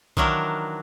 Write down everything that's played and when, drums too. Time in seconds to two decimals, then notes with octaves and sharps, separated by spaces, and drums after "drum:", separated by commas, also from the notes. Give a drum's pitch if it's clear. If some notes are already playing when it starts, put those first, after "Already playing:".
0.17 D#3 E3 F#3 D4 A#4, drum: kick B1